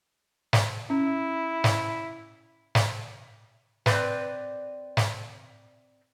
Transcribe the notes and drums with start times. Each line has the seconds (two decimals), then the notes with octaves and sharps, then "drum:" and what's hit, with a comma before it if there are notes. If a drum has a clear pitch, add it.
0.53 drum: snare
0.90 C#4 E4
1.64 drum: snare
2.75 drum: snare
3.86 C4 B4 D5, drum: snare
4.97 drum: snare